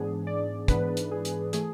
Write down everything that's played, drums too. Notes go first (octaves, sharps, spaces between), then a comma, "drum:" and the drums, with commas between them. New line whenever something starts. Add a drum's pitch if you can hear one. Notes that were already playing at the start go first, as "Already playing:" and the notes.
Already playing: G#2 E3 B3 D4 G#4
D5
G#2 E3 B3 D4 B4, drum: kick, hi-hat
drum: hi-hat
G#4
drum: hi-hat
E3 A3 G#4, drum: hi-hat